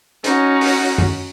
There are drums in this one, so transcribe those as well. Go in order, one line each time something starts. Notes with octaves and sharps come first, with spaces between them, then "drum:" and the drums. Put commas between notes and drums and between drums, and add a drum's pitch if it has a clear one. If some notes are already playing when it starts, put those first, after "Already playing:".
C#4 D#4 F#4, drum: hi-hat
drum: open hi-hat
drum: tom F#2